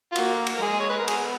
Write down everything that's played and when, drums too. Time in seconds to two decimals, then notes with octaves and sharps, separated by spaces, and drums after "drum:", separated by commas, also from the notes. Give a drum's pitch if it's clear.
0.12 F4
0.15 A#3 F#4, drum: cymbal
0.46 drum: cymbal
0.58 A#4
0.62 G#3 G#4
0.80 C#5
0.90 B4
0.99 A#4
1.08 B3 G#4, drum: cymbal